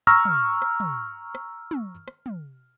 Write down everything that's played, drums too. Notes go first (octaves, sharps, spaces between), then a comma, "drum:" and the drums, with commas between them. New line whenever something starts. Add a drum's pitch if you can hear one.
A#5 C#6 E6 F6 A#6
drum: tom
drum: rim click
drum: tom
drum: rim click
drum: tom
drum: rim click
drum: tom